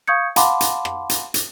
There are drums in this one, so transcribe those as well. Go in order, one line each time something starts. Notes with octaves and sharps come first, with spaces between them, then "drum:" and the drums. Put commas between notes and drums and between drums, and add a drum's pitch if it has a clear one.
F5 C#6 D#6 G6 G#6 C#7
F5 F#5 A5 B5 C6 D6, drum: hi-hat
drum: hi-hat
drum: rim click
drum: hi-hat
drum: hi-hat